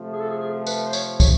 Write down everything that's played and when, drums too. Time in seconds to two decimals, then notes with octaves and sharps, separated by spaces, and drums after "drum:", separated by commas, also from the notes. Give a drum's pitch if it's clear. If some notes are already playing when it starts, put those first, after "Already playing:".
Already playing: C3 F3 A3
0.12 G#4
0.20 A4
0.29 G#4
0.40 G#4
0.67 B4, drum: tambourine
0.86 C5
0.93 C#5, drum: tambourine
1.20 C#5, drum: kick, tambourine